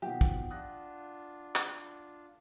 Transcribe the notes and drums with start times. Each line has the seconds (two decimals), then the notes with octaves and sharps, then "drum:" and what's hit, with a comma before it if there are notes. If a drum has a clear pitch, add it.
0.02 B2 D#3 F3 G4 E5 F#5
0.21 drum: kick
0.50 D4 F4 D#6 F#6 A#6
1.55 drum: clap